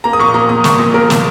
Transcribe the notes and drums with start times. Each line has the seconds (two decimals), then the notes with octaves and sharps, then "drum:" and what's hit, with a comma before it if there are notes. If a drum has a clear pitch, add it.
0.04 A#3 A#5
0.13 D#6
0.19 A#2 C#6
0.34 A#3 A#5
0.49 A#2 D#6
0.64 A#2 C#6, drum: snare
0.79 A#2
0.94 A#3 A#4
1.10 A#2, drum: snare